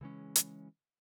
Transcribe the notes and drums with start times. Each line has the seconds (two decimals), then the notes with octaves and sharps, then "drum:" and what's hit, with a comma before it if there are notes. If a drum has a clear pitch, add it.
0.01 C#3 E3 G#3 C#4
0.36 drum: hi-hat